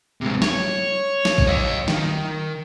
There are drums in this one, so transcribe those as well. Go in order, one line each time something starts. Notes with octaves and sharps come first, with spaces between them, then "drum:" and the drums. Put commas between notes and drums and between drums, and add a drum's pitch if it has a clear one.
C3 G#3
C#5, drum: snare
drum: snare
drum: kick A#1
D#5 F5
D#3, drum: snare